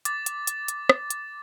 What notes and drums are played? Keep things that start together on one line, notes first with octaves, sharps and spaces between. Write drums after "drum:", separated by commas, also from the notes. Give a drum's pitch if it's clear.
D6 A6, drum: hi-hat
drum: hi-hat
drum: hi-hat
drum: hi-hat
drum: rim click
drum: hi-hat